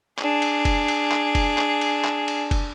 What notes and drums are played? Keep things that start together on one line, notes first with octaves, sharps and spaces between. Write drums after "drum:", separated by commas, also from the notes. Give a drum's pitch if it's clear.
D4 G#4, drum: clap
drum: cymbal
drum: kick, cymbal
drum: cymbal
drum: clap
drum: kick, cymbal
drum: clap
drum: cymbal
drum: clap
drum: cymbal
drum: kick, cymbal